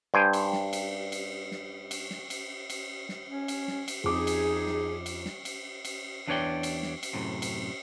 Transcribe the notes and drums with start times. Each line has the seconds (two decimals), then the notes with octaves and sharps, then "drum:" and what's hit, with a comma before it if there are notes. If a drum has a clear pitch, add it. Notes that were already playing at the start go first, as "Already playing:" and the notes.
0.14 G2 C5 G5 G#5
0.33 drum: cymbal
0.53 drum: snare
0.73 drum: cymbal
1.12 drum: cymbal
1.51 drum: snare
1.91 drum: cymbal
2.11 drum: snare
2.30 drum: cymbal
2.70 drum: cymbal
3.09 drum: snare
3.27 C#4
3.48 drum: cymbal
3.68 drum: snare
3.88 drum: cymbal
4.04 F2 D#4 G#4 D6
4.27 drum: cymbal
4.66 drum: snare
5.06 drum: cymbal
5.26 drum: snare
5.45 drum: cymbal
5.85 drum: cymbal
6.27 E2 D4 B4 C#5 D5 G5
6.63 drum: cymbal
6.83 drum: snare
7.03 drum: cymbal
7.13 F#2 A2 C3
7.42 drum: cymbal